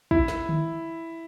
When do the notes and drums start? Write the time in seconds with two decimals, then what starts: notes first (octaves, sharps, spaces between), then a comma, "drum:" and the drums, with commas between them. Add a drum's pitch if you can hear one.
0.11 E4, drum: kick
0.28 drum: snare
0.49 drum: tom D3